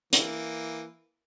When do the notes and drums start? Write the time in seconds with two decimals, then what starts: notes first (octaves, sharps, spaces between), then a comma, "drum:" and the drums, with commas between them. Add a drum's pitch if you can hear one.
0.13 E3 A#3, drum: hi-hat